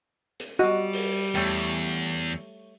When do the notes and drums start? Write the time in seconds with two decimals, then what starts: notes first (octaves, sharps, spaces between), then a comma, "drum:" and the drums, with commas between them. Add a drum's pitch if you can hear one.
0.40 drum: hi-hat
0.59 G3 F#4 D#5
0.93 drum: open hi-hat
1.35 E2 A3 C#5 G5